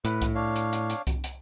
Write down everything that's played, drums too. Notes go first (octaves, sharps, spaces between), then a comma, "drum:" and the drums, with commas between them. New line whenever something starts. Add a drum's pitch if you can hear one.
A2 B4, drum: hi-hat
drum: kick C2, hi-hat
D4 C#5 F5
drum: hi-hat
drum: hi-hat
drum: hi-hat
drum: kick C2, hi-hat
drum: hi-hat